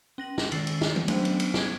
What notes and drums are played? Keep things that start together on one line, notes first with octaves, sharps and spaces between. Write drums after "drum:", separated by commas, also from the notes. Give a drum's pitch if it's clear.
C#4 A#6 F#7
drum: snare
D#3 G#3 E6 A6 C7 F#7, drum: cymbal
drum: cymbal
drum: snare
drum: tom E3
F#3 A3 B3 C#4 D4 C5, drum: cymbal
drum: cymbal
drum: cymbal
G#6 D7, drum: snare